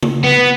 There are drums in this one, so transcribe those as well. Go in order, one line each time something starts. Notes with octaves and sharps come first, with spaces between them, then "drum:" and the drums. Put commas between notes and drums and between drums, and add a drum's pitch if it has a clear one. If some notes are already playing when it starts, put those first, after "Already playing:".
drum: tom C#3
B3